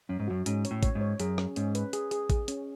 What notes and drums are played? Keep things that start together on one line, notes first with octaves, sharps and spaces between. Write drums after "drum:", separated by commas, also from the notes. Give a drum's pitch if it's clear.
F#2 C#4
G#2
F#2 F#4
G#2 C#4, drum: hi-hat
C#5, drum: hi-hat
A2
C#5, drum: kick A1, hi-hat
G#2
C#5
F#2 G#4, drum: hi-hat
C#4, drum: rim click
G#2 C#4, drum: hi-hat
B4, drum: hi-hat
G#4, drum: hi-hat
G#4, drum: hi-hat
G#4, drum: kick A1, hi-hat
C#4, drum: hi-hat